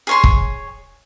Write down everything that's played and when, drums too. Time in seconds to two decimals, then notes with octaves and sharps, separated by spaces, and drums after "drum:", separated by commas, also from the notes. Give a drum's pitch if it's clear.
0.07 G#4 C#5 C6
0.24 drum: kick